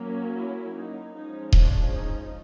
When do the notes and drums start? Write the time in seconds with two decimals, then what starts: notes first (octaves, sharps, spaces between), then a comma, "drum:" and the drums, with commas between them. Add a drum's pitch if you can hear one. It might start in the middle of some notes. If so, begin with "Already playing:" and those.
Already playing: F#3 A#3 C#4
0.36 E4
0.75 D#4
1.14 F3 G#3 C#4 D#4
1.52 D4, drum: kick D#1
1.91 D#4